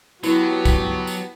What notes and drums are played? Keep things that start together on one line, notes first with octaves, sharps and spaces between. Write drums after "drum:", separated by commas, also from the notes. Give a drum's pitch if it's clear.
F#3 B3 E4 F#4 G4 A5, drum: tambourine
drum: kick, tambourine
drum: tambourine